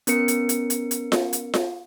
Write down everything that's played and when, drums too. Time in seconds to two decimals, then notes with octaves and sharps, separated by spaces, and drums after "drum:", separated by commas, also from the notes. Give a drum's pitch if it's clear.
0.07 B3 C#4 A#4 C#7, drum: hi-hat
0.28 drum: hi-hat
0.49 drum: hi-hat
0.70 drum: hi-hat
0.91 drum: hi-hat
1.12 drum: snare F4
1.33 drum: hi-hat
1.54 drum: snare F4